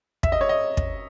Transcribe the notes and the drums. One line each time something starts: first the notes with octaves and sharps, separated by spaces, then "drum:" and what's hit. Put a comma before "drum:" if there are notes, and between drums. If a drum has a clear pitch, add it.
E5, drum: kick
D#5
C#5
D#5
drum: kick